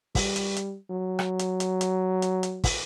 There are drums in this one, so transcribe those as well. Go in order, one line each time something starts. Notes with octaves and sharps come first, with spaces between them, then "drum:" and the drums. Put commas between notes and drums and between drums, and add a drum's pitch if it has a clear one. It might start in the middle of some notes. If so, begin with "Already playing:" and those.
G3, drum: kick, open hi-hat
drum: hi-hat
drum: hi-hat
F#3
drum: rim click
drum: hi-hat
drum: hi-hat
drum: hi-hat
drum: hi-hat
drum: hi-hat
drum: kick, open hi-hat